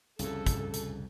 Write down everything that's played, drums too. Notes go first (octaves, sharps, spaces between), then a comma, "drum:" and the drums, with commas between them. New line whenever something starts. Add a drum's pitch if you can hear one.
C2 F2 C#3 A4, drum: hi-hat
drum: kick, hi-hat
drum: hi-hat